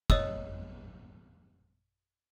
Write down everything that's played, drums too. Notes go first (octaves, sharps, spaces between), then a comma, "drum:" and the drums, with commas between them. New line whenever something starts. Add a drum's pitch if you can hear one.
C#5 D#5 D#6 E6, drum: kick